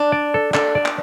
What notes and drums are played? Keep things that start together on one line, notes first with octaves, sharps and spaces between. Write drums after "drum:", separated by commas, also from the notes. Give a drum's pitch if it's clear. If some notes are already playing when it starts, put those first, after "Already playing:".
Already playing: D4
D5
A4
D4 A4, drum: clap
D5
drum: clap